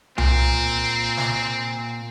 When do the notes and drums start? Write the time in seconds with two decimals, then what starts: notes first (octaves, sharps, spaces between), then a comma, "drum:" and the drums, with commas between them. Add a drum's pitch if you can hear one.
0.18 A#2 C4, drum: tom C2
1.17 drum: snare